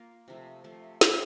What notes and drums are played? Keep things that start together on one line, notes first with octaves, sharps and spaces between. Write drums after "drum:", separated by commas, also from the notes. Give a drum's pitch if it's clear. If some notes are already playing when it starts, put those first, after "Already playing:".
Already playing: A#3 F4 A#4
C3 F3 A3
C3 F3 A3
C4 G4 C5 F5, drum: snare